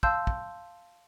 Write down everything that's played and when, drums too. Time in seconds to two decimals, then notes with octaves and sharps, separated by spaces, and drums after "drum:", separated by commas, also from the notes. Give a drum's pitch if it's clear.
0.03 F5 A5 C6 E6 G6, drum: kick
0.27 drum: kick